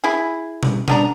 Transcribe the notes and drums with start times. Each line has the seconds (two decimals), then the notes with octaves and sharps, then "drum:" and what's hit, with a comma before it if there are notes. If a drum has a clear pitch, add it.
0.04 E4 G#4
0.63 drum: tom B2
0.88 B3 D4 A#5, drum: tom B2